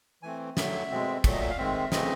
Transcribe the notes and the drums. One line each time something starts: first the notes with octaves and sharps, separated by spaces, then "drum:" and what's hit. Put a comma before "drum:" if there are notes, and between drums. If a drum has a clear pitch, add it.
E3 A3 C4 G#5
D3 F#3 A3 E5, drum: snare
B2 G#3 C4
A#2 F#3 A3 E5, drum: kick, cymbal
D#5
E5
F5
D#3 G#3 C4 E5
C#3 E3 A3 C4 D#5, drum: snare